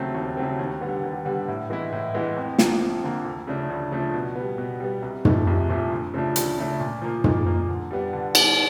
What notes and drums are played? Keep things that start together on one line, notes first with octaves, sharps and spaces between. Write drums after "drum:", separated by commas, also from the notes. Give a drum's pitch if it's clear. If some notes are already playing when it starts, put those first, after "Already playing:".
Already playing: D#2 C#3 F#3 A3 C4
D#2
C#3 F#3 A3 C4
D#2
D3 G3 B3
D#2
D3 G3 B3
A2
E3 G#3 B3 E4
A2
E3 G#3 B3 E4
F2
D3 F3 A#3, drum: snare
F2
D3 F3 A#3
D2
C#3 F3 A3 D4
D2
C#3 F3 A3 D4
B2
G3 B3
B2
G3 B3
C2
A#2 F3 A3, drum: tom
C2
A#2 F3 A3
D2
C#3 F3 A3 D4
D2, drum: hi-hat
C#3 F3 A3 D4
A#2
F3 A#3
A#2, drum: tom
F3 A#3
D3
G3 B3 D4
D3
G3 B3 D4, drum: cymbal